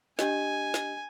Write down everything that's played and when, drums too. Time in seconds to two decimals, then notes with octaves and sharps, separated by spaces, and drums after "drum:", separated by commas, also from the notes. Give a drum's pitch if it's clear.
0.19 D4 G4 D#5 G#5, drum: snare
0.74 drum: snare